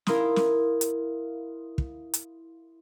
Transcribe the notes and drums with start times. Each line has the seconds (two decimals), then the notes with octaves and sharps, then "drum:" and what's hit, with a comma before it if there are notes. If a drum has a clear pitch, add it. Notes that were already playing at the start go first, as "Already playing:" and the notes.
0.07 E4 A#4 F5 C6 D#6, drum: snare
0.36 drum: snare
0.81 drum: hi-hat
1.78 drum: kick
2.14 drum: hi-hat